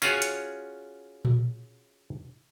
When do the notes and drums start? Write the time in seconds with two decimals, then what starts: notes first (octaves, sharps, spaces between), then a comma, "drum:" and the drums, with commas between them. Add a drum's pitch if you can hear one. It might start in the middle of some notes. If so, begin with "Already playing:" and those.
0.02 C#4 F4 F#4 G#4 C#5, drum: tambourine
0.22 drum: hi-hat
1.25 drum: tom A#2